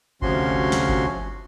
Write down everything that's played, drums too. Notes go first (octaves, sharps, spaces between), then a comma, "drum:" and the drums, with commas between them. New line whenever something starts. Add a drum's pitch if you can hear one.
D2 C3 F3 C#4 F#4 C6, drum: kick G1
drum: snare
drum: kick G1